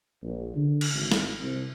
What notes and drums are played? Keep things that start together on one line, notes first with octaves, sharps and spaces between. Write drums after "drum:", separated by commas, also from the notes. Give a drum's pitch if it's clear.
A#1
D3
drum: cymbal
G#1
drum: snare
C2